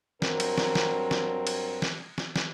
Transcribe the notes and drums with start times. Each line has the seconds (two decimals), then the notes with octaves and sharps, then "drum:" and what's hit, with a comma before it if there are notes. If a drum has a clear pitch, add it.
0.22 G2 F#3 C4 A#4, drum: snare
0.40 drum: cymbal
0.58 drum: snare
0.75 drum: snare
1.11 drum: snare
1.47 drum: cymbal
1.82 drum: snare
2.18 drum: snare
2.36 drum: snare